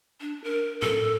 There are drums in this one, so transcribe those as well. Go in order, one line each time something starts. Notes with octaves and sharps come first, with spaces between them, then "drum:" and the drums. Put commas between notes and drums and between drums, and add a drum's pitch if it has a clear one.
D4
A#4
A4, drum: tom A2